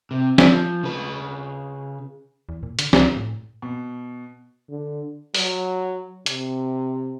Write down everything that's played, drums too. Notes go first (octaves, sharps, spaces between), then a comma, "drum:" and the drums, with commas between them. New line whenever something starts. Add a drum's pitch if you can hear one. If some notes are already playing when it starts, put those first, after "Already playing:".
C3
F3, drum: snare
C#3 B4
E2
A#2
D3, drum: hi-hat
C#2, drum: snare
A2
B2
D3
F#3, drum: open hi-hat
C3, drum: hi-hat